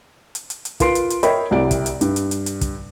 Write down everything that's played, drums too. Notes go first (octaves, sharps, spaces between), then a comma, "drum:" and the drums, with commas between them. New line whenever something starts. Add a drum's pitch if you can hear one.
drum: hi-hat
drum: hi-hat
drum: hi-hat
F4 A#4 B4 C6 C7 D7, drum: kick, hi-hat
drum: hi-hat
drum: hi-hat
A#4 C#5 D#5 E5 G5 B5, drum: hi-hat
C2 C3 G3 D5 D7
drum: kick, hi-hat
drum: hi-hat
G2, drum: hi-hat
drum: hi-hat
drum: hi-hat
drum: hi-hat
drum: kick, hi-hat